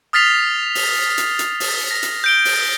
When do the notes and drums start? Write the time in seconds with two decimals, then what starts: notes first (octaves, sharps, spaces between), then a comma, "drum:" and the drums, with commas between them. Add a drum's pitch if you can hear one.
0.13 D#6 F6 A6 B6 C7 F7
0.75 drum: open hi-hat
1.18 drum: hi-hat
1.39 drum: hi-hat
1.60 drum: open hi-hat
1.91 A#6
2.03 drum: hi-hat
2.24 G6 D7 G7
2.45 drum: open hi-hat